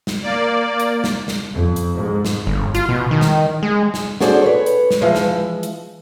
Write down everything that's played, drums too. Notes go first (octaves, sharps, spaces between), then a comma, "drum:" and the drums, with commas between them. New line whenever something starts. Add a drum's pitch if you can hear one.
drum: snare
A#3 D5
drum: hi-hat
drum: snare
drum: snare
F2
drum: hi-hat
G#2
drum: snare
G1
F4, drum: hi-hat
B2
D#3
drum: snare
G#3
drum: snare
D4 F#4 G#4 A4 C5 D5, drum: snare
B4 C#5
drum: hi-hat
drum: snare
E3 F3 G#3
drum: snare
drum: hi-hat